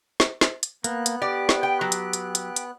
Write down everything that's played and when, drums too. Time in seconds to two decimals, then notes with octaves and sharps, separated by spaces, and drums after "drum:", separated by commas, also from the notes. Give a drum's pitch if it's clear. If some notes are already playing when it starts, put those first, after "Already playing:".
0.20 drum: snare
0.41 drum: snare
0.63 drum: hi-hat
0.84 A#3 B3 F#6, drum: hi-hat
1.06 drum: hi-hat
1.22 G4 D5
1.49 drum: snare
1.63 G5
1.81 F#3
1.92 drum: hi-hat
2.13 drum: hi-hat
2.35 drum: hi-hat
2.56 drum: hi-hat